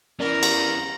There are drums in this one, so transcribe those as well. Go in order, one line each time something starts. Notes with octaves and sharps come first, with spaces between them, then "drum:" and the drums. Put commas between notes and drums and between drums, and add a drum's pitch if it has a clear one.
E3 B3 C#4 A#4 D5 A#5
drum: cymbal